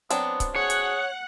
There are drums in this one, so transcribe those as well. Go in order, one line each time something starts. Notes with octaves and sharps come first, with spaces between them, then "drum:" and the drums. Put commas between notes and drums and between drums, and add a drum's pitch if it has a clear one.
F#3 B3 C4 D4, drum: hi-hat
drum: kick C#1, hi-hat
G#4 C#5 F#5
drum: hi-hat